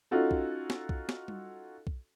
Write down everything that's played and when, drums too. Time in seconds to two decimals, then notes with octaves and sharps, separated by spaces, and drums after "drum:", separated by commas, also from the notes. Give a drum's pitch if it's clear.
0.11 C#4 D#4 F4 F#4 A4
0.31 drum: kick B1
0.70 drum: snare
0.89 drum: kick B1
1.09 drum: snare
1.28 drum: tom G3
1.87 drum: kick B1